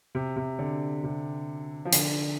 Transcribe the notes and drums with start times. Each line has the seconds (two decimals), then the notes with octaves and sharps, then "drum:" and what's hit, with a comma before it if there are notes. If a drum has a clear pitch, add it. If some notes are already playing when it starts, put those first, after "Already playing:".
0.15 C3
0.36 C3
0.59 D3
1.03 C3
1.85 F3
1.93 D3, drum: hi-hat